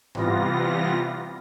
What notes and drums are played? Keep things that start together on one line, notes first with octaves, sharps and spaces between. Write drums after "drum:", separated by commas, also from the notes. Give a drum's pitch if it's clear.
C3 E3 G3 B3 F4 A#6, drum: tom G#2